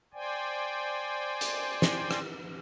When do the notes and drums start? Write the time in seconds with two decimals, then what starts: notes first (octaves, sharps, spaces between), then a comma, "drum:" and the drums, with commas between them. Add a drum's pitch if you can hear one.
0.14 C5 D5 G5 G#5
1.41 drum: hi-hat
1.82 drum: snare
2.11 drum: rim click